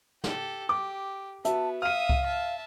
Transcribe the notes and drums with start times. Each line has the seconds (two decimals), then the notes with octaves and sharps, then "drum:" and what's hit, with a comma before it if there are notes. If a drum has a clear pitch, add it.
0.24 G4 A4, drum: snare
0.69 G4 D6
1.45 B3 F#4 E5 A5, drum: hi-hat
1.82 E5 F5 D#6 F6 D#7
2.09 drum: kick C2
2.25 E5 A5